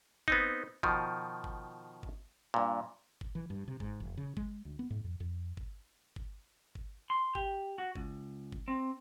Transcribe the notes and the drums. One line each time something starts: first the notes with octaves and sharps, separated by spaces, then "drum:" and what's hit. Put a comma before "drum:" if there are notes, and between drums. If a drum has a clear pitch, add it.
B3 C4 D#4, drum: kick G1
B2 D#3 F3, drum: kick G1
drum: kick G1
drum: kick G1
G2 A#2
drum: kick G1
E3
G2
C3
G#2, drum: kick G1
F1
C#3
G#3, drum: kick G1
D2
B3
G#2
F2
F2
drum: kick G1
drum: kick G1
drum: kick G1
C6
G4, drum: kick G1
F#4
C#2, drum: kick G1
drum: kick G1
C4